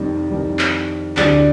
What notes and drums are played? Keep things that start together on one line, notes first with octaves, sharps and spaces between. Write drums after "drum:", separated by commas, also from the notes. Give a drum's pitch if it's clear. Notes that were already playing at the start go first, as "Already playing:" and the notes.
Already playing: F2 C3 D#3 G3
F2 D#3 G3
drum: clap
D2 D3 G3 D5, drum: clap